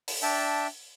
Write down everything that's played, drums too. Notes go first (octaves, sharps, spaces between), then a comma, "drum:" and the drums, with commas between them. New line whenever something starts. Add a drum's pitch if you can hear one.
drum: open hi-hat
D4 E5 G5 A5